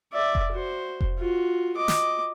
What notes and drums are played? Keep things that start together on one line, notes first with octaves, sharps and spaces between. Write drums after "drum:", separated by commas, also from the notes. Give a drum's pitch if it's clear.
D5 E5
drum: kick F1
F#4 C5
drum: kick F1
F4 F#4
D#5 D6
drum: snare